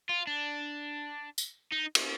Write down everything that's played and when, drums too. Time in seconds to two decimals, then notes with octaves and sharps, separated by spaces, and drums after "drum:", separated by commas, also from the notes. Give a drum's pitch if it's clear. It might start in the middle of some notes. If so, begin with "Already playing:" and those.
0.09 F4
0.27 D4
1.38 drum: tambourine
1.72 D#4
1.95 drum: cymbal